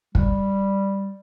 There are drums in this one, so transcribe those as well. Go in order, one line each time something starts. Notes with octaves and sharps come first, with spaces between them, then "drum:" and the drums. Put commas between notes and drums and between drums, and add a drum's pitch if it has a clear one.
G3, drum: kick